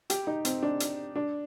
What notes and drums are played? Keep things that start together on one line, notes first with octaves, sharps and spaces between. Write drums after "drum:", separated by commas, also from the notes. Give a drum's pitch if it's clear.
G4, drum: hi-hat
D#4
C4, drum: hi-hat
D4
drum: hi-hat
D4